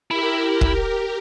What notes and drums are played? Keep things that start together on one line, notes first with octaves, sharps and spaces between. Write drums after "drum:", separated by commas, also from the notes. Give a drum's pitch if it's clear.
E4 G4 A#4
drum: kick